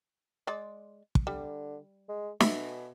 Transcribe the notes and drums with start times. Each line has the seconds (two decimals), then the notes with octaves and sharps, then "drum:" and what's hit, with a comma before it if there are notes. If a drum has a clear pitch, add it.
0.47 G#3 D5
1.15 drum: kick
1.27 D3 G3
2.09 G#3
2.40 B2 E5, drum: snare